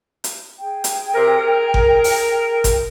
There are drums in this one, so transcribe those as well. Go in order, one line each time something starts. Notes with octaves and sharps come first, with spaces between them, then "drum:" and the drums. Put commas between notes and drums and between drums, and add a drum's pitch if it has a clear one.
drum: hi-hat
G#4 G5
drum: hi-hat
C3 A#4
A#4
drum: kick G1
drum: open hi-hat
drum: kick G1, hi-hat